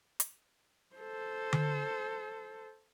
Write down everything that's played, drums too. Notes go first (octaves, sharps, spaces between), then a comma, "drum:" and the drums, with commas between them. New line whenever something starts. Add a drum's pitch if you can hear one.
drum: hi-hat
A4 C5
drum: tom D3